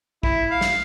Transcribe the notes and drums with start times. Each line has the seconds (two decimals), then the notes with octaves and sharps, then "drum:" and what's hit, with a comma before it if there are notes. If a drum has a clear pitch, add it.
0.23 E4, drum: kick
0.51 F5
0.61 drum: snare